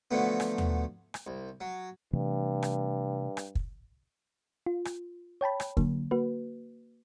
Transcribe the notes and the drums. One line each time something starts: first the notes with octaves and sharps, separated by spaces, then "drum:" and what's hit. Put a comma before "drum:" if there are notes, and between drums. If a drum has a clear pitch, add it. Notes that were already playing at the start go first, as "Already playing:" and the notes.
D3 F3 F#3 A3 B3
drum: rim click
drum: tom D#2
drum: rim click
C2
F#3
G2 C3 E3 A3
drum: rim click
drum: rim click
drum: kick
F4
drum: rim click
C#5 G5 A5 B5
drum: rim click
D3 F#3 A#3, drum: kick
A#3 F#4 B4